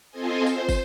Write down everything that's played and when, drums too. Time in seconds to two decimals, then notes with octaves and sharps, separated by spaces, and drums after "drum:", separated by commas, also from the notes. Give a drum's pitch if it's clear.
0.10 C4 F4 A4 C5 D#5 G#5
0.46 C5, drum: tambourine
0.69 drum: kick, tambourine